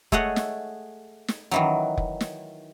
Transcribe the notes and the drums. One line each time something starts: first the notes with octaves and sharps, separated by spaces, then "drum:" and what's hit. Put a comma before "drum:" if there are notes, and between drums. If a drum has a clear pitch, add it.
A3 G#4 C#5 D#5 F#5, drum: kick F1
drum: snare
drum: snare
D#3 E3 F#3
drum: kick F1
drum: snare